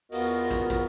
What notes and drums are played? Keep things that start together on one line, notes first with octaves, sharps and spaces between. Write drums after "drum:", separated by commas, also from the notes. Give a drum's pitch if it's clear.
E2 B3 F4 F#4 A#4 D#5, drum: open hi-hat
drum: kick, hi-hat
drum: kick, hi-hat